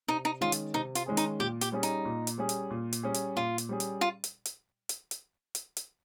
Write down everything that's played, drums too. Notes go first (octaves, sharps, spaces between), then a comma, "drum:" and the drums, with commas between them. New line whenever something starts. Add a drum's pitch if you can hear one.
C3 D#4
D#4
D#3 G#3 C#4 F4 G#4
drum: hi-hat
C3 D#4
F4, drum: hi-hat
D#3 G#3 C#4 G#4
D#4, drum: hi-hat
A#2 G4
G4, drum: hi-hat
G3 C#4 G#4
D#4, drum: hi-hat
A#2
drum: hi-hat
G3 C#4 G#4
drum: hi-hat
A#2
drum: hi-hat
G3 C#4 G#4
drum: hi-hat
A#2 F4
drum: hi-hat
G3 C#4 G#4
drum: hi-hat
F4
drum: hi-hat
drum: hi-hat
drum: hi-hat
drum: hi-hat
drum: hi-hat
drum: hi-hat